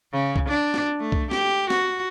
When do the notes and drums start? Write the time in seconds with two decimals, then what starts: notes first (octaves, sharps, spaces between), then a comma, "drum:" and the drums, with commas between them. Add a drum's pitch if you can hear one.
0.13 C#3
0.36 drum: kick C2
0.49 D4
0.74 drum: snare
1.00 A3
1.12 drum: kick C2
1.31 G4, drum: snare
1.70 F#4, drum: snare